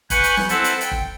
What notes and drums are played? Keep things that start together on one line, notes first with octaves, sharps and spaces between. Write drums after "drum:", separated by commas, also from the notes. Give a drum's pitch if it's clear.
B4 F#5 G#5 C#6 F#6 G6, drum: kick, hi-hat
drum: hi-hat
drum: snare
C4 E4 A4 B4 E5 F#5, drum: hi-hat
drum: hi-hat
G5, drum: hi-hat
drum: kick